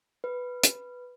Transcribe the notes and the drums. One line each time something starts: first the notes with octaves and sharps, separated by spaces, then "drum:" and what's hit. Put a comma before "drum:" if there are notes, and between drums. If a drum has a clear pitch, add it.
B4
drum: hi-hat